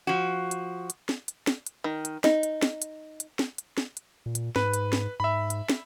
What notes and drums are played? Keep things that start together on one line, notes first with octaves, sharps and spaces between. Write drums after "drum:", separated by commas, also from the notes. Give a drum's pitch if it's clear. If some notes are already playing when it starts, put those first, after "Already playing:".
F3 F#4
drum: hi-hat
drum: hi-hat
drum: snare
drum: hi-hat
drum: snare
drum: hi-hat
D#3
drum: hi-hat
D#4, drum: snare
drum: hi-hat
drum: snare
drum: hi-hat
drum: hi-hat
drum: snare
drum: hi-hat
drum: snare
drum: hi-hat
A#2
drum: hi-hat
G#2 B4, drum: snare
drum: hi-hat
drum: snare
G#2 E5 B5
drum: hi-hat
drum: snare